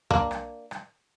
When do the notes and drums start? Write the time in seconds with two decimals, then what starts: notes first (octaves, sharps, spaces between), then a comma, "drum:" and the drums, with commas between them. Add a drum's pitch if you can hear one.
0.11 A#3 D4, drum: kick
0.31 drum: rim click
0.71 drum: rim click